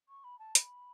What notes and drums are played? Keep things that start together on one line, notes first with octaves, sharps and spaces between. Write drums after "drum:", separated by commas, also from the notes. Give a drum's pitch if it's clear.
C#6
B5
A5
B5, drum: hi-hat